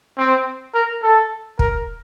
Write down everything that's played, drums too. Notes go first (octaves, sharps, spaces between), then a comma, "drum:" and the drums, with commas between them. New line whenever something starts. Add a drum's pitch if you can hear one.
C4
A#4
A4
A#4, drum: kick